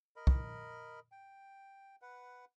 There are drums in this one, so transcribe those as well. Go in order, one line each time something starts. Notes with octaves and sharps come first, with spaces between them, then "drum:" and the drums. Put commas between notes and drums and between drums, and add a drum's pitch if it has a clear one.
A#4 D#5 B5
drum: kick
G5
B4 F#5